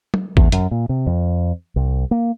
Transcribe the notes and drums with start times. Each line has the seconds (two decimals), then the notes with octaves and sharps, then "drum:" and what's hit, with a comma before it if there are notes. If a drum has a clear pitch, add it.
0.14 drum: tom F#3
0.37 E2, drum: kick
0.52 F#2, drum: hi-hat
0.71 A#2
0.89 C3
1.07 F2
1.76 C2
2.11 A#3